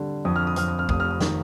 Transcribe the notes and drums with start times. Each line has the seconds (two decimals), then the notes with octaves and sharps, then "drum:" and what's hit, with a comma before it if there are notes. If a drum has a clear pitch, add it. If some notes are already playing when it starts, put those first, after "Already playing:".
Already playing: D3 G3
0.25 F2 D#6
0.36 F6
0.47 D#6
0.56 F2 F6, drum: hi-hat
0.68 D#6
0.79 F6
0.89 F1 D#6, drum: kick
1.00 F6
1.11 D#6
1.21 D#3, drum: snare